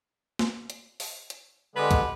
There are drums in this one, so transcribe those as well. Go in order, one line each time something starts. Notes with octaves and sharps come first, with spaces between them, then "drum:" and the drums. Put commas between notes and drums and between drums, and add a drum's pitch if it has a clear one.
drum: snare
drum: hi-hat
drum: open hi-hat
drum: hi-hat
D3 G#3 B3 G4 B4
drum: kick C#2, hi-hat